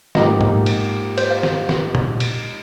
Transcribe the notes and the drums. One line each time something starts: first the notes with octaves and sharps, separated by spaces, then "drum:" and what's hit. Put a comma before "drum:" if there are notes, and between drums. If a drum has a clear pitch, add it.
G#2 F3 A#3 D#4 G4 D#5, drum: snare
drum: tom G#2
drum: cymbal
C5, drum: cymbal
F5
drum: snare
drum: snare
drum: tom A#2
drum: cymbal